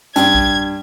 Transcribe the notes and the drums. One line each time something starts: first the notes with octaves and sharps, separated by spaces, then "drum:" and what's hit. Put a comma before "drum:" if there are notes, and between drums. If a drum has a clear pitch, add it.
G2 G#6, drum: hi-hat
drum: kick A#1